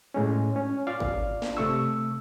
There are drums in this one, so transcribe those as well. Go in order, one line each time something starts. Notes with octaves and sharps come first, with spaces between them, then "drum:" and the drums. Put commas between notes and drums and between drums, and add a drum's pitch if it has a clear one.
A2 G#3 C#4
C#4
F4 D5 F5
drum: kick G#1
drum: snare
C3 A3 C#6 E6